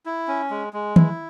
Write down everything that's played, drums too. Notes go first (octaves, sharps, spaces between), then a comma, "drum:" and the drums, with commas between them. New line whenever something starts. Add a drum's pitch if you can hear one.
E4
C#4
G#3
G#3
E4, drum: tom D#3